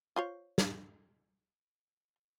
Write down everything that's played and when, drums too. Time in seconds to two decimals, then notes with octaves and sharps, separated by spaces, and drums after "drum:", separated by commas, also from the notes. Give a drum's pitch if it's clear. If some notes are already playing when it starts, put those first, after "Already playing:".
0.16 F4 C5 C#5
0.58 drum: snare